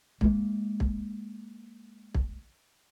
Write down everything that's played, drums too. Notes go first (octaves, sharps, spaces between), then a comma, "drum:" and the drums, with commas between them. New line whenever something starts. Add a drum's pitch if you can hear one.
G#3 A#3, drum: kick
drum: kick
drum: kick